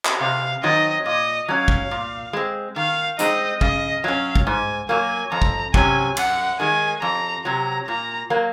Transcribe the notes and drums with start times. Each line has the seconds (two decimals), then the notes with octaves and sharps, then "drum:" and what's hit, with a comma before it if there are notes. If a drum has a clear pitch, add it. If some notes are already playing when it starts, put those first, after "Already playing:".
0.05 drum: clap
0.20 C3 F5
0.63 D#3 F#3 C4 D#4 D#5
1.06 A#2 D#5
1.48 F#3 C#4 F5
1.68 drum: kick
1.91 A#2
2.33 G#3 C4
2.76 D#3 F5
3.19 G#3 C4 D#4 D#5, drum: hi-hat
3.61 C#3 D#5, drum: kick
4.04 F#3 C#4 F5
4.36 drum: kick
4.47 G#2 G#5
4.89 F#3 A#3 G#5
5.32 F2 A#5
5.42 drum: kick
5.74 C3 F#3 C#4 G#5, drum: kick
6.17 F#2 F#5, drum: cymbal
6.60 D#3 G#3 G#5
7.02 F2 A#5
7.44 C3 F#3 A#5
7.88 A#2 A#5
8.30 F#3 A#3